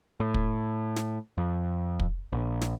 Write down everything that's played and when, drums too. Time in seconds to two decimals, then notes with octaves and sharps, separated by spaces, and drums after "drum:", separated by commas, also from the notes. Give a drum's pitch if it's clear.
0.20 A2
0.34 drum: kick
0.96 drum: snare
1.38 F2
2.00 drum: kick
2.32 A#1
2.61 drum: snare